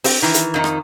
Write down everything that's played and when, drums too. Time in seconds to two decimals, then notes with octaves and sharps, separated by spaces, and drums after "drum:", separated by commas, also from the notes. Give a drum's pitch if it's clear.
0.04 C4, drum: open hi-hat
0.22 D#3 E3
0.34 drum: hi-hat
0.54 F2 D#3 D#4
0.64 drum: rim click